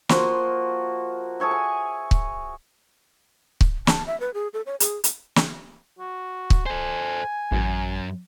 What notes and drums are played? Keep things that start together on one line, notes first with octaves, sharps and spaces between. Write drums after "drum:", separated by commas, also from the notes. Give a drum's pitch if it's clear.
F3 A#3 F#4 C6, drum: snare
G#4 A4 C#5 E5
G#5
drum: kick C#1
drum: kick C#1
A5, drum: snare
E5
B4
G#4
A4
C#5
G#4, drum: hi-hat
drum: hi-hat
drum: snare
F#4
drum: kick C#1
A4 C5 G#5
A1 F#2